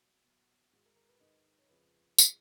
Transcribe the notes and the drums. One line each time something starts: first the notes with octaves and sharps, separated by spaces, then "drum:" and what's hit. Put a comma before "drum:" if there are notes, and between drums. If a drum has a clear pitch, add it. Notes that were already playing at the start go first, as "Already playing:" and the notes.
Already playing: B2 F#3 F#4
B2 F#3
G#2 D#3 G#3 F#4
A#4
A#4
B4
G#2 D#3 G#3 D#5
C#5
F2 C#3 F3 G#3 B4
C#3 F3 G#3, drum: tambourine